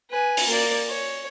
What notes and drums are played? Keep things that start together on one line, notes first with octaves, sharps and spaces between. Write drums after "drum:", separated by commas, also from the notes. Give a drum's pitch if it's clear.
B4 G#5
drum: open hi-hat
A#3 D5
C#5